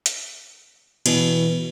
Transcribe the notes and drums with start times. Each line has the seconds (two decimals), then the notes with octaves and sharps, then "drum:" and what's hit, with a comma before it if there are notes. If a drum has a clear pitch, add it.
0.06 drum: hi-hat
1.06 B2 E3, drum: cymbal